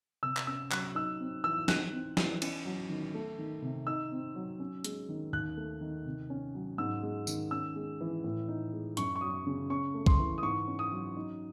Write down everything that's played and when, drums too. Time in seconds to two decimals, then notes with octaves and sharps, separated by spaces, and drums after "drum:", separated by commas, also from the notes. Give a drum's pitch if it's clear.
0.23 C3 E6
0.37 drum: clap
0.47 C#4 E6
0.71 F#3 F#6, drum: clap
0.95 D#4 E6
1.20 C4
1.44 E3 E6
1.68 D#4 F#6, drum: snare
1.93 C4
2.17 E3, drum: snare
2.42 C#4, drum: cymbal
2.65 F#3
2.89 D#3
3.14 A3
3.38 D#3
3.62 C3
3.87 D#4 E6
4.11 C4
4.35 F#3
4.60 C#4
4.84 G#3, drum: hi-hat
5.09 D#3
5.33 D#2 F#6
5.57 A3
5.81 D#3
6.05 C3
6.30 C#4
6.55 F#3
6.78 G#2 E6
7.03 G#3
7.27 D#3, drum: tambourine
7.51 C#4 E6
7.76 G#3
8.01 E3
8.24 A2
8.49 D#4
8.73 G#3
8.97 F#2 C#6, drum: hi-hat
9.16 C#6
9.21 F#3 D#6
9.47 C#3
9.70 C#4 C#6
9.94 A3
10.06 C6, drum: kick
10.19 E3
10.38 D#6
10.43 G#2 C#6
10.68 C#4
10.79 D#6
10.92 F#3
11.17 D#4